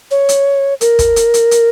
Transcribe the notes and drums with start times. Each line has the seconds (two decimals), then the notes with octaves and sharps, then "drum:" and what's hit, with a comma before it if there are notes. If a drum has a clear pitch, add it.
0.11 C#5
0.29 drum: hi-hat
0.81 A#4, drum: hi-hat
0.99 drum: kick, hi-hat
1.16 drum: hi-hat
1.34 drum: hi-hat
1.51 drum: hi-hat